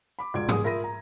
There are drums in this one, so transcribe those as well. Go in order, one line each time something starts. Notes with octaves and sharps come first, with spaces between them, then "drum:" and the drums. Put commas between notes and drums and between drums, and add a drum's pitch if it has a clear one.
B5 D6
E1 F4 G#6 D7
B3 G#4 D#6, drum: tom G#2
F4 A#4 E5 B5 A#6 D#7
A#5